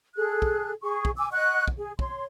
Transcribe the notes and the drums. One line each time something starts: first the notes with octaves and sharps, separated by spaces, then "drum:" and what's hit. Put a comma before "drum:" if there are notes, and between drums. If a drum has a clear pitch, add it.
G#4 A4 F#6
drum: kick
G#4 C#6
drum: kick
G#5 D6 E6
D#5 F#5 C#6 F#6
drum: kick
G#4
C#5 C6, drum: kick